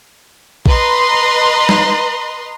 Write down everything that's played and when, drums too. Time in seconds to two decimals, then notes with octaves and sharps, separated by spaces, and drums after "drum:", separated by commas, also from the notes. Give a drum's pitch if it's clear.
0.66 B4 D#5 A#5 C6, drum: kick A#1
1.69 drum: snare